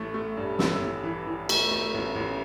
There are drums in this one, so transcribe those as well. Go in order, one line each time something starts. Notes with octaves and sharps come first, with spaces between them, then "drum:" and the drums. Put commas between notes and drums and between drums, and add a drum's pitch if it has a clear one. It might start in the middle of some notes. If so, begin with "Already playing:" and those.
Already playing: A1 A3
A3
G2
A1 E6, drum: snare
A1
E3
E3
A3, drum: cymbal
A3
A1
A1